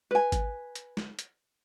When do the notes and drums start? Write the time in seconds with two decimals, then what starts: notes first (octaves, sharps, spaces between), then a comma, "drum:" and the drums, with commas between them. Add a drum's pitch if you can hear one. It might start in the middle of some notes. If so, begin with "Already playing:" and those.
0.11 B4 G#5
0.32 drum: kick G#1, hi-hat
0.75 drum: hi-hat
0.97 drum: snare
1.19 drum: hi-hat